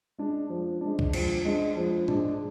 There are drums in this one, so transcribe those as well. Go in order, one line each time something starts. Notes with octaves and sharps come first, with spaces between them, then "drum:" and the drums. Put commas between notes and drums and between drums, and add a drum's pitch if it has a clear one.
G#3 D4
F3
G#3 D4
drum: kick
F3, drum: cymbal
G#3 D4
F3
G#3 D4, drum: tom G#2